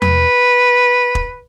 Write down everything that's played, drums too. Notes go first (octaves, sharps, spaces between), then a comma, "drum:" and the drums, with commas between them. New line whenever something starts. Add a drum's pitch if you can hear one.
B4, drum: tom E2
drum: kick